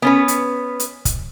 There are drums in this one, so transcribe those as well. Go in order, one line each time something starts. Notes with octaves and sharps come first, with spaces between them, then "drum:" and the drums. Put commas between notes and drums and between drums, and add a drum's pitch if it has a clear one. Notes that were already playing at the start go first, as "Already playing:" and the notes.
B3 C#4 B4
drum: hi-hat
drum: hi-hat
drum: kick, hi-hat